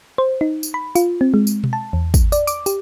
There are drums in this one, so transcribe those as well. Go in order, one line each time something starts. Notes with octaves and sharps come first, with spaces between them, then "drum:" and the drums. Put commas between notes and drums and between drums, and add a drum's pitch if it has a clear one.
C5
D#4
drum: tambourine
B5
F4, drum: tambourine
C4
G#3
drum: tambourine
drum: tom B2
A5
E2
drum: kick, tambourine
D5, drum: tambourine
D6, drum: tambourine
G4, drum: tambourine